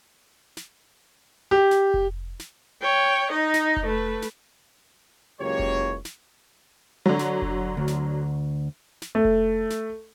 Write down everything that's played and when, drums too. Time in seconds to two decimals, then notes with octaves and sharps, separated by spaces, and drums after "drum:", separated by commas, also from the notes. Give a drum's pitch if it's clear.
0.57 drum: snare
1.51 G4
1.71 drum: snare
1.94 drum: kick F1
2.40 drum: snare
2.82 C#5 G5
3.31 D#4 D#5
3.54 drum: snare
3.77 drum: kick F1
3.86 A3 B4
4.22 drum: snare
5.40 F#1 C#2 F#2 A#3 G4 C#5
5.59 drum: kick F1
6.05 drum: snare
7.06 D3 F#3
7.19 drum: snare
7.42 drum: kick F1
7.77 D2
7.88 drum: snare
9.02 drum: snare
9.15 A3
9.25 drum: kick F1
9.70 drum: snare